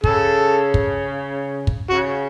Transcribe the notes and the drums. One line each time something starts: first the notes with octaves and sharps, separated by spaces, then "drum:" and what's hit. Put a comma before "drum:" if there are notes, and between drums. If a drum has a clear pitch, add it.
C#3 A4, drum: kick
drum: kick
drum: kick
C#3 F#4